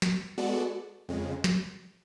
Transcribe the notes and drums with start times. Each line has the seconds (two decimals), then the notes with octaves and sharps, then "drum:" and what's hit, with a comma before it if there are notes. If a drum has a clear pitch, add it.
0.02 drum: snare
0.38 G#3 B3 F#4 A4 D5
1.09 F2 C#3 G#3
1.44 drum: snare